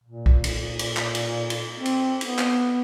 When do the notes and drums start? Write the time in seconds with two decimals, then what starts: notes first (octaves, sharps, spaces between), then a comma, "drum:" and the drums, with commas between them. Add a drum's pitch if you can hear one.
0.04 A#2
0.26 drum: kick B1
0.44 drum: cymbal
0.79 drum: cymbal
0.97 drum: clap
1.15 drum: cymbal
1.50 drum: cymbal
1.76 C4
1.85 drum: cymbal
2.21 B3, drum: cymbal
2.39 drum: clap